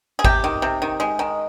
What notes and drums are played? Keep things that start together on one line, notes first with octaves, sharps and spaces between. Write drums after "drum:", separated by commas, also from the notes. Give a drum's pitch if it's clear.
G#4
C3 G4, drum: kick G#1
D#3
C3
D#3
G#3
D#3